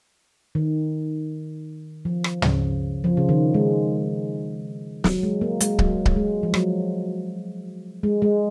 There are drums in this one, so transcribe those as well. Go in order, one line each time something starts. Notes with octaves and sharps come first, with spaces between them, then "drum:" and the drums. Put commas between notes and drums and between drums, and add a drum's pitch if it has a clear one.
D#3
F3
drum: rim click
C#3, drum: tom
F3
C#3
D#3
G#3
F#3, drum: snare
G#3
A#3
G#3, drum: hi-hat
F#3, drum: kick C#1
drum: kick C#1
G#3
F3
F#3, drum: rim click
G#3
G#3